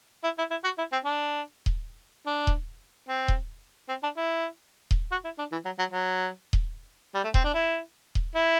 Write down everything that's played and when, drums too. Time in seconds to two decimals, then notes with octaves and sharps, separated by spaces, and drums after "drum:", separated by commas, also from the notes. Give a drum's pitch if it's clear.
0.24 E4
0.38 E4
0.51 E4
0.64 F#4
0.78 E4
0.92 C4
1.05 D4
1.66 drum: kick D#1
2.26 D4
2.47 drum: kick D#1
3.08 C4
3.28 drum: kick D#1
3.89 C4
4.03 D4
4.17 E4
4.91 drum: kick D#1
5.12 F#4
5.25 E4
5.39 D4
5.52 E3
5.65 F#3
5.79 F#3
5.92 F#3
6.53 drum: kick D#1
7.14 G3
7.24 A3
7.34 C4, drum: kick D#1
7.44 D4
7.54 E4
8.15 drum: kick D#1
8.35 E4